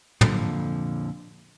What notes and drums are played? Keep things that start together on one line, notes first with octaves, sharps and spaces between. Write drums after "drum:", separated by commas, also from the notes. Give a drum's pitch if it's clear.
F2 A#2 D3 F3, drum: tom